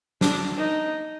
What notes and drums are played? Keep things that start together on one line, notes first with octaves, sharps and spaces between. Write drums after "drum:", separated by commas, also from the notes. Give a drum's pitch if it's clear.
D4, drum: snare
D#4